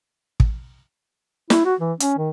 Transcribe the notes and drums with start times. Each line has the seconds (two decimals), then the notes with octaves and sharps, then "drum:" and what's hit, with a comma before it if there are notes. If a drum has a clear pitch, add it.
0.40 drum: kick
1.50 E4, drum: snare
1.65 F#4
1.80 E3
2.00 C#4, drum: hi-hat
2.18 D#3